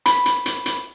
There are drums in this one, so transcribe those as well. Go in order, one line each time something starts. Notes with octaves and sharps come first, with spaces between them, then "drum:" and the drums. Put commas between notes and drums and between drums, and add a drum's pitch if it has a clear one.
B5, drum: hi-hat
drum: hi-hat
drum: hi-hat
drum: hi-hat